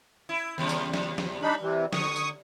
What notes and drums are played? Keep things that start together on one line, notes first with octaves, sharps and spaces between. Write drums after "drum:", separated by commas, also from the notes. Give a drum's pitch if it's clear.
E4
D#2 C#3 G3
drum: tambourine
drum: snare
drum: snare
G3 D4 D#4 B5
C3 E3
D3 C#6 D#6, drum: snare
drum: tambourine